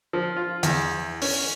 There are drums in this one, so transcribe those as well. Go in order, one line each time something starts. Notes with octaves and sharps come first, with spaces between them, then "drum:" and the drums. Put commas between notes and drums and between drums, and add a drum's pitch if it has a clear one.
F3
F4
E2, drum: hi-hat
C#4, drum: open hi-hat